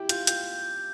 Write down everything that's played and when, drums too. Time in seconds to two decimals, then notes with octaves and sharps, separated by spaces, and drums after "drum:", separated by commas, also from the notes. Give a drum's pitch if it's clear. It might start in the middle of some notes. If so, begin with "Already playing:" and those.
Already playing: E4 G4
0.09 F4 G6, drum: hi-hat
0.27 F4 G6, drum: hi-hat